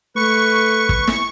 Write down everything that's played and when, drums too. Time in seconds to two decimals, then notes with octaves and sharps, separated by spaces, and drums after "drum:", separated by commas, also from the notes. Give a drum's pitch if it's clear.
0.16 A3 B4 C#6
0.89 drum: kick
1.07 drum: snare